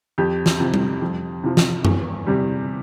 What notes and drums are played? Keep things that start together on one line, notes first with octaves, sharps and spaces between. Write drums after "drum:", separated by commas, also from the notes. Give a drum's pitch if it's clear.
F2 G4
drum: snare
C3 F3
drum: tom G3
F2
C3 F3
drum: snare
E2, drum: tom F#2
C3 G3